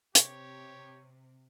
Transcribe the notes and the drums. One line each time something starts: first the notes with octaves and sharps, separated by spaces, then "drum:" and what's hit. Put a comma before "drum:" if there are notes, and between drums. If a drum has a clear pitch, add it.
C3 G4 C#5, drum: hi-hat